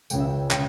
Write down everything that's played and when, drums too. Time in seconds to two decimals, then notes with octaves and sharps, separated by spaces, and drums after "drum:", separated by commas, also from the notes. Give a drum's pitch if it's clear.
0.10 C#2 C#3 G#3 G5, drum: tambourine
0.20 E5
0.29 G5
0.51 C#3 G5, drum: clap